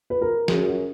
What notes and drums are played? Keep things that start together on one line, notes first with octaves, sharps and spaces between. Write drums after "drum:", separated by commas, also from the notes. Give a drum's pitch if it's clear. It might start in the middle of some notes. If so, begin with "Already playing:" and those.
B4
A#4
F#2 G#4, drum: snare
F#4